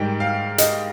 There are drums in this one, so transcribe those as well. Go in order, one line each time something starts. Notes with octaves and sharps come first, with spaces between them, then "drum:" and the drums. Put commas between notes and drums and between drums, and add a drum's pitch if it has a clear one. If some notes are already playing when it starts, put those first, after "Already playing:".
Already playing: G#2 D#3 G3 G5
F5
D#5, drum: hi-hat